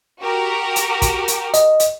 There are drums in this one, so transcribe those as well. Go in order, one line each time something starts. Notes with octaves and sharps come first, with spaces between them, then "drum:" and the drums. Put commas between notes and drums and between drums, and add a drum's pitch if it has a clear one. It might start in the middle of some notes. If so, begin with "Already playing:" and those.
F#4 G4 A#4
drum: hi-hat
drum: kick, hi-hat
drum: hi-hat
D#5, drum: hi-hat
drum: hi-hat